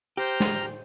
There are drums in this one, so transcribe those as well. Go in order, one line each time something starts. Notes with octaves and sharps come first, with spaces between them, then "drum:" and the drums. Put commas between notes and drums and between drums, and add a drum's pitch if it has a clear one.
G4 C5 G5 A#5 F6
drum: snare